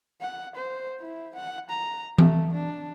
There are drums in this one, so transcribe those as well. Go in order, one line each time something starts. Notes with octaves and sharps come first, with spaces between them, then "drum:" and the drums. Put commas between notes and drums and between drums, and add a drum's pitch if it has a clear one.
F#5
C5
E4
F#5
A#5
A3, drum: tom E3
D4